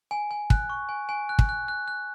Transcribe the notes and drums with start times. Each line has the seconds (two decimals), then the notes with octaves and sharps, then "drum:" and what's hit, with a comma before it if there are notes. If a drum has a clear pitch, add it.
0.11 G#5
0.31 G#5
0.50 F#6, drum: kick
0.69 C#6
0.89 G#5
1.09 G#5
1.29 F#6
1.39 drum: kick
1.49 F#6
1.68 F#6
1.88 F#6